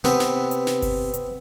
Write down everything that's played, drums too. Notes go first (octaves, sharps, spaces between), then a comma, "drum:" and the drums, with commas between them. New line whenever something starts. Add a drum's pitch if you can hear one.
C3 B3 C4 B4, drum: snare
drum: snare
drum: hi-hat
drum: snare
drum: kick G1, open hi-hat
drum: hi-hat